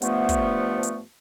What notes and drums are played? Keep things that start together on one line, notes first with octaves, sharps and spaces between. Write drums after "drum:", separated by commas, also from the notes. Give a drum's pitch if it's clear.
G2 F3 A3 B3, drum: hi-hat
drum: kick, hi-hat
drum: hi-hat